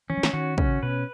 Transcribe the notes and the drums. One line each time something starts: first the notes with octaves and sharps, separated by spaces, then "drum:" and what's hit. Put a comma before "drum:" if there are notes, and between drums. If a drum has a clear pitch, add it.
E3 C#4
F#3
E3, drum: snare
D#3 F#4
C#3 C#4, drum: kick
B2 B4